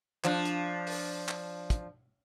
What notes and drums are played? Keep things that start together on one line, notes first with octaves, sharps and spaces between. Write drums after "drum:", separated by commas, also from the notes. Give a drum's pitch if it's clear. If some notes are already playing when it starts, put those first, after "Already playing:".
F3 D4, drum: clap
drum: hi-hat
drum: open hi-hat
drum: clap
drum: kick, hi-hat